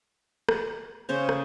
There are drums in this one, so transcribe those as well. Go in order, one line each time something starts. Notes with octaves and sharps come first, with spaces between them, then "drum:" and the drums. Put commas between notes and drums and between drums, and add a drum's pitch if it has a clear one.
drum: rim click
C#3 C#4 C5 C#5
drum: rim click